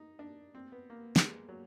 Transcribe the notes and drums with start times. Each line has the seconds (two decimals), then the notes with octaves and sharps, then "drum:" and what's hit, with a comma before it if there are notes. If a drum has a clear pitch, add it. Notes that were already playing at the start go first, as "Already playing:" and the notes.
Already playing: D#4
0.19 D4
0.55 C4
0.72 B3
0.90 A#3
1.16 G3, drum: snare
1.25 G#3
1.49 F#3